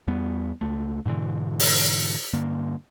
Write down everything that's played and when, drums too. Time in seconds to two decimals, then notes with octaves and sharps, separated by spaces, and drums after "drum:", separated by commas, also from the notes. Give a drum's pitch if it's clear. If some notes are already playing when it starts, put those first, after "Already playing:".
0.08 E2 G3 B3
0.61 C#2 A3
1.06 G#2 B2 D3 E3
1.59 drum: open hi-hat
2.33 G2 D3 A#3